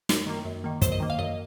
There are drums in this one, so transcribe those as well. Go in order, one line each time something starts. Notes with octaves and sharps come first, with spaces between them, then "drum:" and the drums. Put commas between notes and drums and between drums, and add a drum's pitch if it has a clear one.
F#2, drum: snare
D#3 A#3
F#2
D#3 A#3
F#2 C5, drum: kick, hi-hat
D#5
D#3 A#3
F5
F#2 D#5